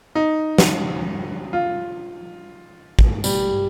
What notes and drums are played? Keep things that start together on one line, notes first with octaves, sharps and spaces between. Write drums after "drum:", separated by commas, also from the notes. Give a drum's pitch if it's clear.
D#4
drum: snare
F4
drum: kick
G3, drum: tambourine